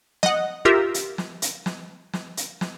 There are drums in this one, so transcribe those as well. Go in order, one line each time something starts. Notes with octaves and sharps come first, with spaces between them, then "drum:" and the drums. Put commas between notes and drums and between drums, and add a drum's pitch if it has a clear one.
D#5 F#5, drum: snare
F4 G4 A#4 E5
drum: hi-hat
drum: snare
drum: hi-hat
drum: snare
drum: snare
drum: hi-hat
drum: snare